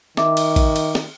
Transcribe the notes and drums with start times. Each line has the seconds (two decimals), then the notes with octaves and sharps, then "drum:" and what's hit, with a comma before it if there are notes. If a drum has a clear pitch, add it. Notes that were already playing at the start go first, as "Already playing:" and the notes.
0.17 D#3 E5 D6, drum: snare
0.37 drum: cymbal
0.56 drum: kick, cymbal
0.76 drum: cymbal
0.95 drum: snare